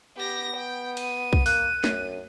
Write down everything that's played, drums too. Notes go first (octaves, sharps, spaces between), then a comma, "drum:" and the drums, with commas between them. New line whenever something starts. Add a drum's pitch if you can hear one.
B3 G4 A#6
G5
D#7, drum: cymbal
drum: kick B1
A#3 F#6, drum: open hi-hat
F#2, drum: snare